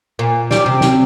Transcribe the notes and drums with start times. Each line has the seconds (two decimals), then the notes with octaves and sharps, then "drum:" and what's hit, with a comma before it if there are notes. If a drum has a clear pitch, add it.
0.19 A#2
0.51 G3, drum: snare
0.66 C3
0.81 drum: snare